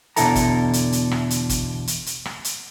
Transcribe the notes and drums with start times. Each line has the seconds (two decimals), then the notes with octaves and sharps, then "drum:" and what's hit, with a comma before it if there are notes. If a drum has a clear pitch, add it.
0.16 E2 B2 D3 E4 A4 A#5, drum: hi-hat
0.35 drum: kick, hi-hat
0.73 drum: hi-hat
0.92 drum: hi-hat
1.11 drum: rim click
1.30 drum: hi-hat
1.49 drum: kick, hi-hat
1.87 drum: hi-hat
2.06 drum: hi-hat
2.25 drum: rim click
2.44 drum: hi-hat